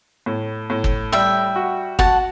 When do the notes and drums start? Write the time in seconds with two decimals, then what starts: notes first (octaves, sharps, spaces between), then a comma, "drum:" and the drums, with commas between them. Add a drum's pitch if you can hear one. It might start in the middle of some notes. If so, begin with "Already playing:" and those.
0.26 A2
0.70 A2
0.84 drum: kick
1.12 G3 E5 G5
1.56 F#4
1.99 F#4 F#5 A5, drum: kick